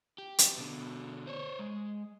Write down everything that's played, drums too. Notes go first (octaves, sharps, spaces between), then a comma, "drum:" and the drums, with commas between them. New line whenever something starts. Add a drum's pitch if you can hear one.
G4
drum: hi-hat
B2 D3
C5 C#5
G#3